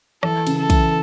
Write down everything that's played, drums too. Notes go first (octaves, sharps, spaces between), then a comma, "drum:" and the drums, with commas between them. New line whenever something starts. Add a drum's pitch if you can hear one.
E3 A4, drum: rim click
C#3, drum: cymbal
A4
E3, drum: kick, cymbal